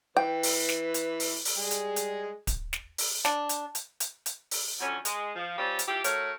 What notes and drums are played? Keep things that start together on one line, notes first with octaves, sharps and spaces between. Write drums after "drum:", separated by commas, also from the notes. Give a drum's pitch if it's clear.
E3 B4 G5
drum: open hi-hat
drum: snare
drum: hi-hat
drum: open hi-hat
drum: open hi-hat
G3 G#3 G#4
drum: hi-hat
drum: hi-hat
drum: kick D1, hi-hat
drum: snare
drum: open hi-hat
D4, drum: snare
drum: hi-hat
drum: hi-hat
drum: hi-hat
drum: hi-hat
drum: open hi-hat
F2 D3 F#3 C#4
G#3, drum: hi-hat
F3
G3 C4 C#4 F4 G4
drum: hi-hat
F3 E4 G4
A3 F#4 A#4 C#5, drum: hi-hat